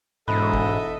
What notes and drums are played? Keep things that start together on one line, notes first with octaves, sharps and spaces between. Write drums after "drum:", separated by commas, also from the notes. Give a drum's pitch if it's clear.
E1 G#2 A4 D#5 E5 B5 F#6
drum: kick